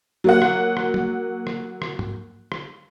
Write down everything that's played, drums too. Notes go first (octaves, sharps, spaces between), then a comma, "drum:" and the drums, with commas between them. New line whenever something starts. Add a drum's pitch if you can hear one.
F#3 A#3 F#5
drum: rim click
drum: rim click
drum: tom
drum: rim click
drum: rim click
drum: tom G#2
drum: rim click